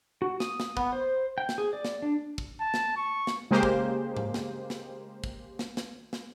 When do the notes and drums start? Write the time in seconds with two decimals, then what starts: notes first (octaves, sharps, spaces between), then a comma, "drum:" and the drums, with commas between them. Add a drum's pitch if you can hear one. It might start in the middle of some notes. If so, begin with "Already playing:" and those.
0.22 F#4
0.40 D#6, drum: snare
0.60 drum: snare
0.77 B3, drum: kick
0.93 C5
1.38 G5
1.49 drum: snare
1.58 G#4
1.73 D5
1.85 drum: snare
2.02 D4
2.38 drum: kick
2.61 A5
2.74 drum: snare
2.96 C#6
3.27 drum: snare
3.51 C#3 G#3 A#3 G4 C5
3.63 drum: kick
4.16 drum: tom G#2
4.34 drum: snare
4.70 drum: snare
5.24 drum: kick
5.59 drum: snare
5.77 drum: snare
6.13 drum: snare